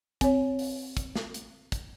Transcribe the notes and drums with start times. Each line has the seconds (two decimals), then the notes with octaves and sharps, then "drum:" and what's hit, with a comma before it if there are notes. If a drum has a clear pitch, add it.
0.21 C4 C#5, drum: kick, hi-hat
0.59 drum: open hi-hat
0.97 drum: kick, hi-hat
1.16 drum: snare
1.34 drum: hi-hat
1.72 drum: kick, hi-hat